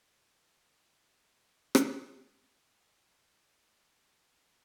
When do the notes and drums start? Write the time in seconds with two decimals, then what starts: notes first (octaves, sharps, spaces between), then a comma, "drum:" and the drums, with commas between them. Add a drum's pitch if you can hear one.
0.12 F#4 G4 A#4
1.75 drum: rim click
2.47 E3 A#3 C4